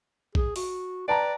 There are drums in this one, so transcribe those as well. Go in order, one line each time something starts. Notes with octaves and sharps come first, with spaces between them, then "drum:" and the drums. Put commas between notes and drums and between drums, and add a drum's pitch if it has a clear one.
G#4, drum: kick A#1
F#4, drum: open hi-hat
B4 D5 G5 A5 A#5